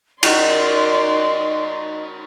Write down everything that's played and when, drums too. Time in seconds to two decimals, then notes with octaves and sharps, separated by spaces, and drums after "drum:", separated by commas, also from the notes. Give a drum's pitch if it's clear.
0.23 D#3 F#4 D5 D#5 C6, drum: cymbal